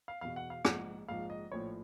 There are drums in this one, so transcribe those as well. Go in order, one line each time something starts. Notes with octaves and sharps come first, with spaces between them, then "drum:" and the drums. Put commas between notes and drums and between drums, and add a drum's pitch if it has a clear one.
F5
E2 B2 F5
F#5
F5
A#1 G#2 F3 F#5, drum: rim click
A#1 G#2 F3 F5
D#5
A#1 A2 F3 C#5